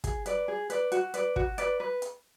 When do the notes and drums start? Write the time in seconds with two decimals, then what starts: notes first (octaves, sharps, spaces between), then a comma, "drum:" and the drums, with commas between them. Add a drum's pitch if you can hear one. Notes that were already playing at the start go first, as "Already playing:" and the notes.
0.04 G#4, drum: kick, hi-hat
0.26 B4 D5, drum: hi-hat
0.48 G#4
0.70 B4 D5, drum: hi-hat
0.92 F#4, drum: hi-hat
1.14 B4 D5, drum: hi-hat
1.36 F#4, drum: kick
1.58 B4 D5, drum: hi-hat
1.80 B4
2.02 drum: hi-hat